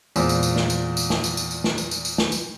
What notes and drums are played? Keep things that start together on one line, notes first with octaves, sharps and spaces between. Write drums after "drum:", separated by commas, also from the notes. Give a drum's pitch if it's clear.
E2 A#2 G#3 C5 E6, drum: tambourine
drum: tambourine
drum: tambourine
drum: snare
drum: tambourine
drum: tambourine
drum: snare
drum: tambourine
drum: tambourine
drum: tambourine
drum: snare
drum: tambourine
drum: tambourine
drum: tambourine
drum: snare
drum: tambourine